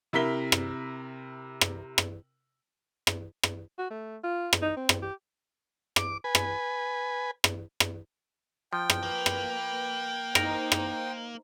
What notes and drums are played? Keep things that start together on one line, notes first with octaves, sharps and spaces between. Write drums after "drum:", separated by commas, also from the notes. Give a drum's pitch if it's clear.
C3 E4 A#4 E5 B6 G7
drum: rim click
drum: rim click
drum: rim click
drum: rim click
drum: rim click
F#4
A3
F4
drum: rim click
D#4
C4
drum: rim click
G4
D6, drum: rim click
B4 G#5
drum: rim click
drum: rim click
drum: rim click
F3 G5
drum: rim click
A#3 B4
drum: rim click
D#4 A#4 C5, drum: rim click
drum: rim click